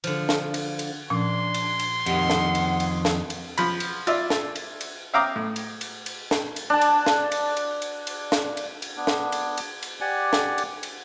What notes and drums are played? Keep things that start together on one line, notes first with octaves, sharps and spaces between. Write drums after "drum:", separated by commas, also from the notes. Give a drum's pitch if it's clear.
D3 F3, drum: cymbal
drum: snare
drum: cymbal
drum: cymbal
A#2 F3 C#4 D4 C6
drum: cymbal
drum: cymbal
F2 D#3 G4 F#5, drum: cymbal
drum: snare
drum: cymbal
drum: cymbal
drum: snare
drum: cymbal
F3 B5, drum: cymbal
drum: cymbal
F4 D5 E5, drum: cymbal
drum: snare
drum: cymbal
drum: cymbal
E5 F5 G5 A#5 D6 D#6
A2
drum: cymbal
drum: cymbal
drum: cymbal
drum: snare
drum: cymbal
D4 A5
drum: cymbal
drum: snare
drum: cymbal
drum: cymbal
drum: cymbal
drum: cymbal
drum: snare
drum: cymbal
drum: cymbal
B3 D4
drum: snare
drum: cymbal
drum: cymbal
drum: cymbal
G4 D5 F#5 G#5
drum: snare
drum: cymbal
drum: cymbal